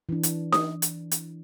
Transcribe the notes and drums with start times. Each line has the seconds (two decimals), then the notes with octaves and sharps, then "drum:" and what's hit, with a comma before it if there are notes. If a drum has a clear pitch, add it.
0.09 E3 D4
0.23 drum: hi-hat
0.52 D#6, drum: snare D#4
0.82 drum: hi-hat
1.11 drum: hi-hat